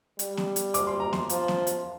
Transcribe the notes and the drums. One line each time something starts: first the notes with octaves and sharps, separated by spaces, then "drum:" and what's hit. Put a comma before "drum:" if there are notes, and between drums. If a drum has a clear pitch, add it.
G3, drum: hi-hat
drum: snare B3
drum: hi-hat
D6, drum: hi-hat
C6
A#5
C6, drum: snare B3
F3, drum: hi-hat
drum: snare B3
drum: hi-hat